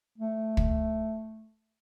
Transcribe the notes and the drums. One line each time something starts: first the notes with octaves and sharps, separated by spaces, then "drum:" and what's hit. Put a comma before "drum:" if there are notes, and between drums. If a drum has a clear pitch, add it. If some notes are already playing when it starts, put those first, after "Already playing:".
A3
drum: kick